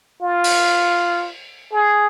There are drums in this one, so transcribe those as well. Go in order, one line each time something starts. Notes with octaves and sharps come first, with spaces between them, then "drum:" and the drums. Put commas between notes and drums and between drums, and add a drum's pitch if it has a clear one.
F4
drum: open hi-hat
G#4